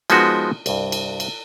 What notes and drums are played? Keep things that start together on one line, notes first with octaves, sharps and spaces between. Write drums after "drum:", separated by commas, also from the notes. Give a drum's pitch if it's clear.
F3 G#3 B3 D#4 F#4 A#4, drum: cymbal
C2 G2, drum: cymbal
drum: cymbal
drum: cymbal